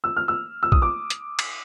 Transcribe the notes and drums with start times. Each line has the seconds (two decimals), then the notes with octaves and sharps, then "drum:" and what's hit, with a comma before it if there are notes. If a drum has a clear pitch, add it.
0.04 E6
0.16 F6
0.28 E6
0.63 E6
0.72 D#6, drum: kick
0.82 D6
1.10 drum: hi-hat
1.39 drum: cymbal